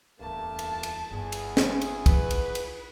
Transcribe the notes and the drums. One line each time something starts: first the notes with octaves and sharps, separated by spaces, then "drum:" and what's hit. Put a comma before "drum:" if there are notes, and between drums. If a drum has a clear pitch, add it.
D1 E2 G2 A3 A#3 A5
drum: cymbal
drum: cymbal
G1 E2 G#4
drum: cymbal
drum: snare
drum: cymbal
B4, drum: kick, cymbal
drum: cymbal
drum: cymbal